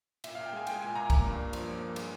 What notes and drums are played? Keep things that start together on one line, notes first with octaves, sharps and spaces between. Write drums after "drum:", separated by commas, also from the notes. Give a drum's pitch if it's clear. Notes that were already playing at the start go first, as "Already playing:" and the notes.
A#2 E5, drum: cymbal
F5
A#2
G5
G#3 G#5
G#3 G5, drum: cymbal
A#2 G#5
A#2 A#5
A#3 A#5, drum: kick, cymbal
G2
G2
F3, drum: cymbal
A#3
G2
G#3, drum: cymbal